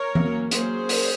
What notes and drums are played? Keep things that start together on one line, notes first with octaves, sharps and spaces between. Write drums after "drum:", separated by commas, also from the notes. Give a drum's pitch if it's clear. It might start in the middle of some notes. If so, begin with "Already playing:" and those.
Already playing: A#4 C#5
F#3 A#3 C#4, drum: tom E3
F#3 A#3 C#4 G#4 C5, drum: hi-hat
drum: open hi-hat